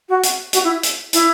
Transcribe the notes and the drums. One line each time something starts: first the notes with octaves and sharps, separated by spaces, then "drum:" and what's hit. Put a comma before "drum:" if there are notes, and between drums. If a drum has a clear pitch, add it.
F#4
drum: hi-hat
F#4, drum: hi-hat
E4
drum: hi-hat
E4, drum: hi-hat